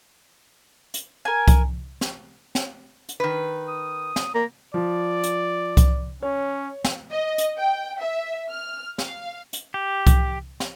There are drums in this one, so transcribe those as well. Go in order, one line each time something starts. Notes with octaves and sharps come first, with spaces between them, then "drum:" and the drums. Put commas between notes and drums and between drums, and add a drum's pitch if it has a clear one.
drum: hi-hat
A#4 G#5
drum: kick C2, hi-hat
drum: snare
drum: snare
drum: hi-hat
D#3 B4
D#6
drum: snare
A#3 A#5
F3 D5
drum: hi-hat
drum: kick C2, hi-hat
C#4 C#5
drum: snare
D#5
drum: hi-hat
G5
E5
F6
F5, drum: snare
drum: hi-hat
G4
drum: kick C2, hi-hat
drum: snare